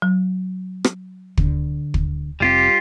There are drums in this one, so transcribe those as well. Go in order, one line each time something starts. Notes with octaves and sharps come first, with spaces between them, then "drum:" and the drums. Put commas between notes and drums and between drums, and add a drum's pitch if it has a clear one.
F#3
drum: rim click
D3, drum: kick
drum: kick
F1 G#2 G3 C4 F4 G4